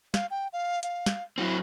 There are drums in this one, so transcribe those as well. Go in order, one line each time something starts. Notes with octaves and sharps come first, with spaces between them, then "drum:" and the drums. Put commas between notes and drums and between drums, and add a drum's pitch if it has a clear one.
F5, drum: snare
G5
F5
F5, drum: hi-hat
drum: snare
F#3 C4 E4